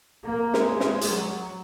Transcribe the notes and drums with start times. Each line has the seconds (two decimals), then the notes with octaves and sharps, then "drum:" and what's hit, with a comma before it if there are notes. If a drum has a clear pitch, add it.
0.24 A#3
0.54 G#3, drum: snare
0.80 drum: snare
1.01 drum: hi-hat
1.10 F#3